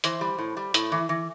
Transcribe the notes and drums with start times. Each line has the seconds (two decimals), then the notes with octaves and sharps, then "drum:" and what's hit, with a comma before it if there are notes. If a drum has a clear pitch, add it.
0.04 E3 C5, drum: hi-hat
0.21 G3
0.38 A2
0.57 G3
0.74 A2, drum: hi-hat
0.92 E3
1.09 E3